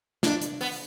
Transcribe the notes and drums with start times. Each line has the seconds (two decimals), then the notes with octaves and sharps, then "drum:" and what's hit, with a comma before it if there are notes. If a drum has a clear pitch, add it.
0.23 D4, drum: snare
0.42 drum: hi-hat
0.61 B3, drum: open hi-hat